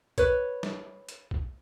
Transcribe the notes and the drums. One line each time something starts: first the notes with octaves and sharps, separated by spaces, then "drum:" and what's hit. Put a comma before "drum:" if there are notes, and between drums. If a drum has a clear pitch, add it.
B4 C#5, drum: kick, hi-hat
drum: snare
drum: hi-hat
drum: kick